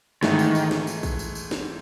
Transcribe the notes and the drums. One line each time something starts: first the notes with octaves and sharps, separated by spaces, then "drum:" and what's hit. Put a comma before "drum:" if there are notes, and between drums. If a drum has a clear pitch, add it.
G#2 D#3 E3 A3, drum: snare
drum: tambourine
drum: tambourine
drum: snare
drum: tambourine
drum: kick, tambourine
drum: tambourine
drum: tambourine
drum: snare